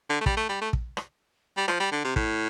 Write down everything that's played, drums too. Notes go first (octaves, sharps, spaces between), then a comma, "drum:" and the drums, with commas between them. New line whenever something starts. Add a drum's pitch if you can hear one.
D3
A3
G3, drum: kick
A3
G3
A3
drum: kick
drum: rim click
G3
F3, drum: rim click
G3
D3
C3
A2, drum: kick